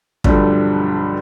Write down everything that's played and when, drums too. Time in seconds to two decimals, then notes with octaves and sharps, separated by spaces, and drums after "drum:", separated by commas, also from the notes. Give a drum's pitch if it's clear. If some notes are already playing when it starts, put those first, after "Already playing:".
0.24 B1 G2 D3 F3 G3 A3, drum: kick